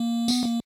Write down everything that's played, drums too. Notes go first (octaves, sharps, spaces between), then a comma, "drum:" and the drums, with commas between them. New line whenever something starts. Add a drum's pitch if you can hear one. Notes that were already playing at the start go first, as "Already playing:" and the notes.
Already playing: A#3
B3, drum: tambourine
A#3